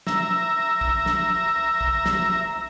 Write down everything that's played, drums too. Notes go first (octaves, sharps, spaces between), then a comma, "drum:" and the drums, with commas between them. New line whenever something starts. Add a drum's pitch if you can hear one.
E5 A#5, drum: snare
drum: kick
drum: snare
drum: kick
drum: snare